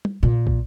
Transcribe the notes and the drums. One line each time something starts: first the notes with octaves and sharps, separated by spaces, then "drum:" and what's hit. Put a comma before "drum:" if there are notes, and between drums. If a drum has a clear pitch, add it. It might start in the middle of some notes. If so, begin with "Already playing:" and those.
drum: tom
A#2
drum: kick